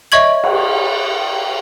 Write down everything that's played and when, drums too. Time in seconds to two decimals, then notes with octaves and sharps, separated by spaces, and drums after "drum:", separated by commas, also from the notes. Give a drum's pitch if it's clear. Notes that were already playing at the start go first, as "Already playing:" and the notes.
0.12 C#5 D#5 E5 C#6 G#6 F#7
0.44 drum: cymbal